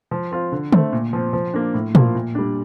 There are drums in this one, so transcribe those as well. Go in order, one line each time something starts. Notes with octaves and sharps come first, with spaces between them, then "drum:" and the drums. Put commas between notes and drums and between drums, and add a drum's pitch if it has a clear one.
F3
C4 F4
D3
A3 C4, drum: tom
A#2
F3 C4
F3
A#3 D4
A2
F3 A#3 F4, drum: tom A#2
A#2
G3 D4